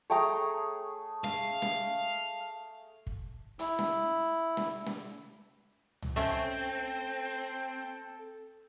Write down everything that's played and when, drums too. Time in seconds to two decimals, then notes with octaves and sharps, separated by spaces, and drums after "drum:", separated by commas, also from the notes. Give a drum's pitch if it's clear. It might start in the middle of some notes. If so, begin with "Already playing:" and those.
0.10 A3 G#4 C#5 G5 A#5
1.24 F5, drum: snare
1.62 drum: snare
3.07 drum: kick
3.59 E4, drum: hi-hat
3.79 drum: snare
4.57 drum: snare
4.86 drum: snare
6.02 drum: tom
6.16 A3 C4 C#4 A4 G5